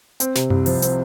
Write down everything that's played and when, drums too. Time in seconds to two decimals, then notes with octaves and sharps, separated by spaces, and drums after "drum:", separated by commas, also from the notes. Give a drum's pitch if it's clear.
0.20 C4, drum: hi-hat
0.35 C3, drum: snare
0.50 C2, drum: tom F#2
0.66 F3, drum: open hi-hat
0.82 C4, drum: hi-hat